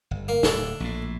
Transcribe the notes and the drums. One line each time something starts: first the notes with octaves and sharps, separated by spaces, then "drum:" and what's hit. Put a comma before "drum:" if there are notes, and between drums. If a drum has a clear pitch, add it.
G1
A#3
D1 D4 A4, drum: snare
A#1 A2